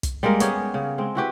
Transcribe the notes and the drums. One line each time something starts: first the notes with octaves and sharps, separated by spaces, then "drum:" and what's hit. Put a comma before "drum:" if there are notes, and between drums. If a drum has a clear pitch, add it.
drum: kick, hi-hat
G3 G#3 A#3 A#4
B3 C#4 G4 G#4, drum: hi-hat
C#3
G#3 C4
E4 F#4 G4 B4